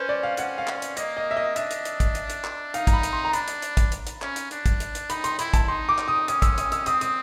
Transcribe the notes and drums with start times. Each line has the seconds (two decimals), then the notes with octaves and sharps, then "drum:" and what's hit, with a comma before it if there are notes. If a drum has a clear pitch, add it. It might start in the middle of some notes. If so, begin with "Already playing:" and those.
Already playing: C#4 B4 C5
0.09 D5
0.23 F5
0.37 C#4 F#5, drum: hi-hat
0.58 F5
0.67 drum: clap
0.82 drum: hi-hat
0.97 A#3 D#5, drum: hi-hat
1.17 D#5
1.31 E5
1.37 D#5
1.56 D4 E5, drum: hi-hat
1.71 drum: hi-hat
1.85 drum: hi-hat
2.00 drum: kick, hi-hat
2.15 drum: hi-hat
2.30 drum: hi-hat
2.44 drum: clap
2.74 D#4 F5, drum: hi-hat
2.87 A#5, drum: kick, hi-hat
2.93 B5
3.03 drum: hi-hat
3.13 C6
3.25 A#5
3.33 D4 B5, drum: hi-hat
3.48 drum: hi-hat
3.62 drum: hi-hat
3.77 drum: kick, hi-hat
3.92 drum: hi-hat
4.07 drum: hi-hat
4.22 C#4, drum: clap
4.36 drum: hi-hat
4.51 D4, drum: hi-hat
4.66 drum: kick, hi-hat
4.80 drum: hi-hat
4.95 drum: hi-hat
5.10 D#4 B5, drum: hi-hat
5.24 C6, drum: hi-hat
5.39 E4 B5, drum: hi-hat
5.54 A5, drum: kick, hi-hat
5.68 D#4 C6
5.89 D6
5.98 drum: clap
6.08 D#6
6.28 C#4 D#6, drum: hi-hat
6.42 E6, drum: kick, hi-hat
6.58 D#6, drum: hi-hat
6.72 E6, drum: hi-hat
6.86 C4 D#6, drum: hi-hat
7.01 D#6, drum: hi-hat